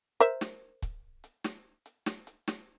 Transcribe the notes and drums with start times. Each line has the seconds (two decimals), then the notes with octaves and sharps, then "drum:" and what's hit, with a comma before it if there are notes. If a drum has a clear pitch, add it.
0.20 A#4 C5 E5, drum: hi-hat
0.41 drum: snare
0.82 drum: kick C#1, hi-hat
1.24 drum: hi-hat
1.44 drum: snare
1.86 drum: hi-hat
2.06 drum: snare
2.27 drum: hi-hat
2.48 drum: snare